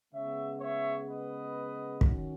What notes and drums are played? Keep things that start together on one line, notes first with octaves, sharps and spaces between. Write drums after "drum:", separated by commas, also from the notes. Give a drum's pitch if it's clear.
C#3 G#3 B3 C#5 E5
C#5 E5
B4 D#5
D#3 F#3 C#4, drum: kick